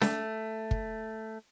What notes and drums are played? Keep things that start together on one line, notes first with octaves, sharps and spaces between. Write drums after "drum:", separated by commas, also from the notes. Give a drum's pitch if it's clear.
A3, drum: snare
drum: kick